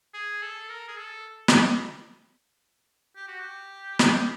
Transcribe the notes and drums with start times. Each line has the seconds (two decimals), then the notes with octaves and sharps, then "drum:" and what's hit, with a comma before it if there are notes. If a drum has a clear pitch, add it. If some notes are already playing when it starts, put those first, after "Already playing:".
0.14 G#4
0.42 A4
0.69 A#4
0.88 G#4
0.97 A4
1.48 drum: snare
3.16 G4
3.28 F#4
3.40 G4
3.99 G4, drum: snare
4.07 G#4
4.16 G4